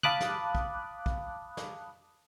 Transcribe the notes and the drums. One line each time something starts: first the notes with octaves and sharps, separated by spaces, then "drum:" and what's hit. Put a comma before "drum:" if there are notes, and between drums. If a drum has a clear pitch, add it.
F5 A5 B5 D6 D#6 F#6, drum: tom
drum: snare
drum: kick
drum: kick
drum: snare